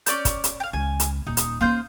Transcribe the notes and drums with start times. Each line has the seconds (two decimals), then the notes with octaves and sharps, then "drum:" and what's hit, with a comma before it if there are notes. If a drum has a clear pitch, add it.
0.06 C#4 D5 G6, drum: hi-hat
0.25 drum: kick, hi-hat
0.44 drum: hi-hat
0.60 F5 G5
0.73 C#2 G#5
1.00 drum: hi-hat
1.27 D#1 D#4
1.37 drum: hi-hat
1.61 A#3 C#4 F4 C5 G6